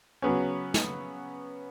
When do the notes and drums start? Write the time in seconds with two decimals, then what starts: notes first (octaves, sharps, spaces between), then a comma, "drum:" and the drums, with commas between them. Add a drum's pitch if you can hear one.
0.22 C#3 F#3 B3 C#4
0.74 drum: snare